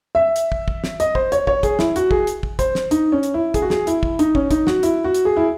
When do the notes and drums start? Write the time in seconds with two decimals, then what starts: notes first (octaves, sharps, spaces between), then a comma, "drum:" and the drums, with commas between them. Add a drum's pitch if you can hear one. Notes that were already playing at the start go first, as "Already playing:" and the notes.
0.15 E5
0.36 drum: hi-hat
0.52 drum: kick
0.68 drum: kick
0.84 drum: snare
1.00 D#5, drum: hi-hat
1.15 C5, drum: kick
1.32 C#5, drum: hi-hat
1.47 C#5, drum: kick
1.63 G#4, drum: kick, hi-hat
1.79 E4, drum: snare
1.96 F#4, drum: hi-hat
2.11 G#4, drum: kick
2.27 drum: hi-hat
2.43 drum: kick
2.59 C5, drum: kick, hi-hat
2.75 drum: snare
2.91 D#4, drum: hi-hat
3.12 C#4
3.23 drum: hi-hat
3.34 E4
3.54 G#4, drum: kick, hi-hat
3.62 F#4
3.70 G#4, drum: snare
3.87 E4, drum: hi-hat
4.03 drum: kick
4.19 D#4, drum: hi-hat
4.35 C#4, drum: kick
4.51 D#4, drum: kick, hi-hat
4.67 F#4, drum: snare
4.83 E4, drum: hi-hat
5.04 F#4
5.14 drum: hi-hat
5.25 G#4
5.37 E4